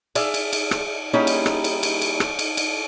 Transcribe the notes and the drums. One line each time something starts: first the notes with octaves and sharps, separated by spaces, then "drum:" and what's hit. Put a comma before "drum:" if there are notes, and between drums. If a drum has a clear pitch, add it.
G#4 D5 E5 F5, drum: cymbal
drum: cymbal
drum: cymbal
drum: rim click
G3 A#3 C#4 D#4 E4 G#4
drum: cymbal
drum: rim click
drum: cymbal
drum: cymbal
drum: cymbal
drum: rim click
drum: cymbal
drum: cymbal